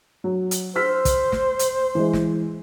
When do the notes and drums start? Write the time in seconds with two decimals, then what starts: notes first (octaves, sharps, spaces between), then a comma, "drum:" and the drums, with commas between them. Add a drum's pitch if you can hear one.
0.24 F#3
0.51 drum: hi-hat
0.76 C5 E6 F6 B6
1.05 drum: kick, hi-hat
1.32 drum: snare
1.59 drum: hi-hat
1.95 E3 G#3
2.13 drum: snare